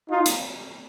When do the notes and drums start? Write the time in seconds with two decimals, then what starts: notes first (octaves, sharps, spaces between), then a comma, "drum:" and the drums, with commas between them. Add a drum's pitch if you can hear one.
0.09 D#4 F4
0.26 drum: hi-hat